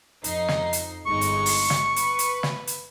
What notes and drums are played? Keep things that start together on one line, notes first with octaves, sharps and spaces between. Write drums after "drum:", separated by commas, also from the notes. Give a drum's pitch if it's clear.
F2 D#4 C7, drum: hi-hat
drum: snare
drum: hi-hat
G1 G#3 D#4 C#6
drum: hi-hat
drum: open hi-hat
drum: snare
B4, drum: hi-hat
drum: hi-hat
drum: snare
drum: hi-hat